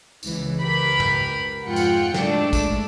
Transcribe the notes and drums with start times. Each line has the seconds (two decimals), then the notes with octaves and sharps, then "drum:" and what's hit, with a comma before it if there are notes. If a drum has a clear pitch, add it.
0.23 C#2 E3, drum: tambourine
0.61 C#2 G4 A#4 B4 B5
1.00 drum: tom
1.65 F2 G#2 F4 F#5 G5 C#7
1.76 drum: tambourine
2.14 G#2 G#3 A3 D4, drum: snare
2.53 drum: kick, tambourine